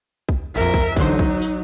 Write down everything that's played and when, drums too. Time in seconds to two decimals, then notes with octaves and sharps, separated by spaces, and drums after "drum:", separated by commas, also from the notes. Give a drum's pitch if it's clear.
0.29 drum: kick
0.56 A#1 F2 A#4 E5
0.74 drum: kick
0.96 A1 D3 F#3 D#4 C5, drum: kick, tambourine
1.19 drum: kick
1.42 drum: tambourine